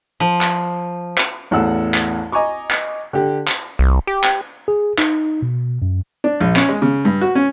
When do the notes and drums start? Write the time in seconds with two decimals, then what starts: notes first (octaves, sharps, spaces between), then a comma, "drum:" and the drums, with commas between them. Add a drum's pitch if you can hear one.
0.20 F3
0.41 drum: clap
1.18 drum: clap
1.51 A1 E2 A3 F#5 E6
1.94 drum: clap
2.32 D#5 G#5 A#5 C#6 D6
2.71 drum: clap
3.13 D3 G4
3.47 drum: clap
3.79 C2
4.07 G4
4.24 drum: clap
4.68 G#4
4.98 D#4, drum: clap
5.42 B2
5.82 F#2
6.24 D4
6.41 A#1
6.56 C#4, drum: clap
6.69 G#3
6.82 C#3
7.05 G2
7.21 F#4
7.35 C#4